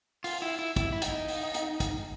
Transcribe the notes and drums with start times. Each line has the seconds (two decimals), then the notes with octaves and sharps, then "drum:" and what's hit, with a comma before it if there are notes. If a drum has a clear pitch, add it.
0.24 F4, drum: open hi-hat
0.42 E4
0.59 E4
0.76 E4, drum: kick, hi-hat
0.92 E4
1.02 D#4, drum: hi-hat
1.28 drum: open hi-hat
1.54 drum: hi-hat
1.80 drum: kick, hi-hat